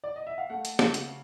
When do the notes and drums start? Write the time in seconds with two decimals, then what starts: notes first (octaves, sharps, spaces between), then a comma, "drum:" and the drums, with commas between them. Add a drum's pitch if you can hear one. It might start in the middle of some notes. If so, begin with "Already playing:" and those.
0.04 D5
0.16 D#5
0.27 E5
0.38 F5
0.50 A3 F#5
0.65 drum: hi-hat
0.79 C#3 F5, drum: snare
0.94 drum: hi-hat